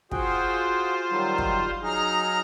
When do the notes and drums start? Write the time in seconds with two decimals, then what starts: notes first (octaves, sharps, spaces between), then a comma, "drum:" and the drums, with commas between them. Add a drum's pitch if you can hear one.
0.11 F4 F#4 G#4 C5 G5, drum: kick
1.11 D#3 F#3 G3
1.38 drum: kick
1.83 F#3 D#4 G#4 A#5 F6